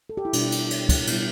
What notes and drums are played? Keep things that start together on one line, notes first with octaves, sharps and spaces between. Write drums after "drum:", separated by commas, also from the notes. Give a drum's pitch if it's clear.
A4
G4
E4
B2 G3 D4, drum: cymbal
drum: cymbal
drum: cymbal
drum: kick, cymbal
B2 G3 B3 E4, drum: cymbal